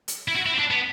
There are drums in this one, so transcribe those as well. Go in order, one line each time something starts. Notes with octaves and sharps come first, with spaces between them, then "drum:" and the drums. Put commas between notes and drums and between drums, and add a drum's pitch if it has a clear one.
drum: hi-hat
E4
F#4
E4
C4
D4
B3